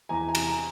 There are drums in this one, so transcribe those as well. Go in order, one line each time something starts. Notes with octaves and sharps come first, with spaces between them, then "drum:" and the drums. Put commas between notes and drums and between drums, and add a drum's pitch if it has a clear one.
E2 G#5 A#5
G#5 A#5
C3, drum: cymbal
G#5 A#5